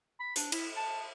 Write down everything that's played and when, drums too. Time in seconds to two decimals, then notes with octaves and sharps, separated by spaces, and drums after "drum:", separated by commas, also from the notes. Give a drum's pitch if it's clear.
0.20 B5
0.36 D4, drum: hi-hat
0.52 E4, drum: cymbal
0.76 A5